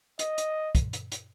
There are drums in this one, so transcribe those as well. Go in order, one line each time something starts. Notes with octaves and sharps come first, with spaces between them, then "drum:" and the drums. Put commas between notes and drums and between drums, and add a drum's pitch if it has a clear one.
D#5, drum: hi-hat
drum: hi-hat
drum: kick, hi-hat
drum: hi-hat
drum: hi-hat